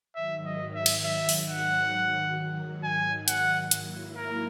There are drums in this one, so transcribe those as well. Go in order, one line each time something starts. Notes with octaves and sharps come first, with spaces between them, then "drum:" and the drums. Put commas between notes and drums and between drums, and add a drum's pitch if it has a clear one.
G#2 D#3 F#3 E5
D#5
E5
drum: cymbal
E5
drum: open hi-hat
F#5
G#5
F#5, drum: hi-hat
G#2 F#3 A#3 E4, drum: hi-hat
A#4